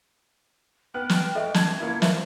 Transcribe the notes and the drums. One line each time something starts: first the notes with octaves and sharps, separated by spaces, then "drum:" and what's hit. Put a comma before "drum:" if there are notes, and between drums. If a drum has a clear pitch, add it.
B3 G5 F6 F#6
drum: snare
G1 A4 D#5 E5
C#4 A5 G#6, drum: snare
C#2 A#3 E4
C5 E5, drum: snare